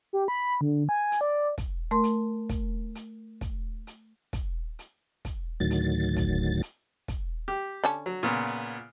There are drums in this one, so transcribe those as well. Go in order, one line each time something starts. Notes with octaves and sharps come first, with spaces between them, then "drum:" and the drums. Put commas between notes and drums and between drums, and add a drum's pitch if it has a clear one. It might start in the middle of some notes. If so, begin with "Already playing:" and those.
G4
B5
D3
G#5
drum: hi-hat
D5
drum: kick, hi-hat
A3 A#4 C6
drum: hi-hat
drum: kick, hi-hat
drum: hi-hat
drum: kick, hi-hat
drum: hi-hat
drum: kick, hi-hat
drum: hi-hat
drum: kick, hi-hat
D2 A2 D#3 F#3 A6
drum: hi-hat
drum: kick, hi-hat
drum: hi-hat
drum: kick, hi-hat
G4
D3 C#4 A5
F#3
A#2 C#3 B3
drum: hi-hat